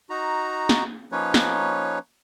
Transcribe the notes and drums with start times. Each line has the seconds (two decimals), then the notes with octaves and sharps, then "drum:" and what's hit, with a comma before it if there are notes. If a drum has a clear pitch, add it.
0.10 D#4 F#4 A#5
0.69 drum: snare
1.12 F3 A#3 C#4 D#4 B4 C#5
1.34 drum: snare